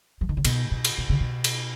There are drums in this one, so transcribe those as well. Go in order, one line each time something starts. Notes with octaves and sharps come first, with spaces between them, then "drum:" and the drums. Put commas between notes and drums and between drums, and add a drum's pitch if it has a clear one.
F3
D#3
C#3
B2, drum: cymbal
B2
drum: cymbal
B2
C#3
B2
drum: cymbal